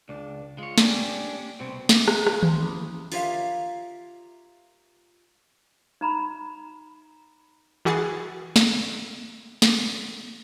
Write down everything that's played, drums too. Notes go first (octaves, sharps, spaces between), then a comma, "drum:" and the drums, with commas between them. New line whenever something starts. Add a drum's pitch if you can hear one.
C#2 D4
G#3 F4 C#5
C#4 D4 G4, drum: snare
C2 B2 C4
B3 C4 D4 A4 E5 D6, drum: snare
E5 G5 A#5, drum: rim click
B3 F5, drum: rim click
C6, drum: tom D#3
A#3 C#4 E4 B5 D6 D#6
F4 G4 A#4 C#5 E5 F5, drum: open hi-hat
D#4 A#5 B5
E3 F#4 G#4 A6 C7
drum: snare
drum: snare